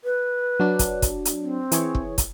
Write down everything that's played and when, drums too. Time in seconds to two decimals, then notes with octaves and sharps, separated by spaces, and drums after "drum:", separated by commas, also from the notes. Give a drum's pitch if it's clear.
0.04 B4
0.60 F#3 D4
0.79 drum: kick, hi-hat
1.02 drum: kick, hi-hat
1.25 drum: hi-hat
1.42 C4
1.72 E3 G#4 C#5, drum: hi-hat
1.95 drum: kick
2.18 drum: kick, hi-hat